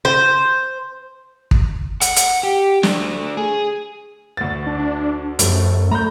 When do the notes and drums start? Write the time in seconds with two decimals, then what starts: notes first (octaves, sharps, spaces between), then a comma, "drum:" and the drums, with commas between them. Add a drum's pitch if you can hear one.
0.05 C5
1.51 drum: kick
2.01 F#5, drum: hi-hat
2.16 drum: hi-hat
2.43 G4
2.83 A3 D4, drum: snare
3.37 G#4
4.37 D2 A6
4.67 D4
5.39 F1 F#2 A3, drum: hi-hat
5.91 A3 A#5 B5 G6